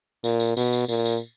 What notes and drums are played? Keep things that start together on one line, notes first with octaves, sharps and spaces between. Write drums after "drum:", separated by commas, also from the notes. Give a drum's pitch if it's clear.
A#2, drum: tambourine
drum: tambourine
B2, drum: tambourine
drum: tambourine
A#2, drum: tambourine
drum: tambourine